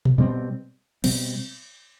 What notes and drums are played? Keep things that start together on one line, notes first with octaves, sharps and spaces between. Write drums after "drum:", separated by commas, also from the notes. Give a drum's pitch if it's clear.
drum: tom A#2
B2 G3 C4
B2 G3 C4, drum: cymbal